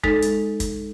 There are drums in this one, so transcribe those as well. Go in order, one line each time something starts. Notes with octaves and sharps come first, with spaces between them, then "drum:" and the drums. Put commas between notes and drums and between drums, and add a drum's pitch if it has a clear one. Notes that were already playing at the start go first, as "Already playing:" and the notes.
G#3 D#4 A4, drum: kick
drum: hi-hat
drum: kick, hi-hat